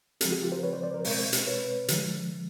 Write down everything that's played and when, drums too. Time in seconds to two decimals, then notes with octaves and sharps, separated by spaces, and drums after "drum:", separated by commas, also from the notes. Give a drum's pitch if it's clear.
0.21 C#3 F3 G#3 C4 G4 A4, drum: hi-hat
0.31 F#4 G#4
0.42 F4 G4
0.52 A#4 C5
0.63 B4 C#5
0.73 C5 D5
0.83 C5 D5
0.94 A#4 C5
1.04 B2 G#3 C4 A#4 C5, drum: open hi-hat
1.33 drum: hi-hat
1.46 B4 C#5
1.88 D3 F3 G#3, drum: hi-hat